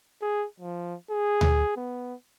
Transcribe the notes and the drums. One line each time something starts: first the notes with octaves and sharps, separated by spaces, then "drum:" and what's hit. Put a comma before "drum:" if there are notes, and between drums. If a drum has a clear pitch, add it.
G#4
F3
G#4
drum: tom D2
B3